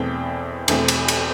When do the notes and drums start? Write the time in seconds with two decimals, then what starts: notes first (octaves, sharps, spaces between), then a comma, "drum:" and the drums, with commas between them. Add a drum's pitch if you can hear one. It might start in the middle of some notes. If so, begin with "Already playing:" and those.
Already playing: E2 B2 A3 C4 G5
0.68 E2 B2 A3 C4, drum: cymbal
0.88 drum: cymbal
1.08 drum: cymbal